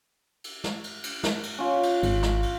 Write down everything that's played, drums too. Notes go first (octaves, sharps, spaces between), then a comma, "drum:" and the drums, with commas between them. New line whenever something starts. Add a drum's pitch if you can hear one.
drum: cymbal
drum: snare
drum: cymbal
drum: cymbal
drum: snare
drum: cymbal
C#4 F4
drum: cymbal
G#1, drum: cymbal
drum: snare
drum: cymbal